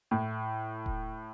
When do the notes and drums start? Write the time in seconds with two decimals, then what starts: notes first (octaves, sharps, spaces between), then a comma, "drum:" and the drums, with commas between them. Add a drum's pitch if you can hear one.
0.11 A2
0.86 drum: kick D#1